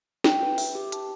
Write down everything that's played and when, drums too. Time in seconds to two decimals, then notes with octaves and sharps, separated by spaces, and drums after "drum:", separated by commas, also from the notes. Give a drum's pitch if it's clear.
0.24 G5, drum: snare
0.42 B4
0.58 E5, drum: open hi-hat
0.75 G4
0.92 A5, drum: hi-hat